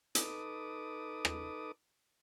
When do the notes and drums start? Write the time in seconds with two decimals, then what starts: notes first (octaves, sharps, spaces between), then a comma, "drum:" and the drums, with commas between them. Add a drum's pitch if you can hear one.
0.15 D#4 A4 B4 D6 D#6, drum: hi-hat
1.25 drum: rim click